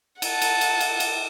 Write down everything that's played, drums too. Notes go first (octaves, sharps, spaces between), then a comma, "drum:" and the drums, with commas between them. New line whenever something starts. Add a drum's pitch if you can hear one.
F#5 A5, drum: cymbal
drum: cymbal
drum: cymbal
drum: cymbal
drum: cymbal